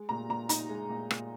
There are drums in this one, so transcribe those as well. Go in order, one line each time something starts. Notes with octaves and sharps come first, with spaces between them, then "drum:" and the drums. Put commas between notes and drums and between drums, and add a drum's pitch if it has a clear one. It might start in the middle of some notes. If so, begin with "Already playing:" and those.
Already playing: G#3
A#2 A#5
A#2 A#5
D#4 A#5, drum: hi-hat
G#3
A#2
A#2, drum: rim click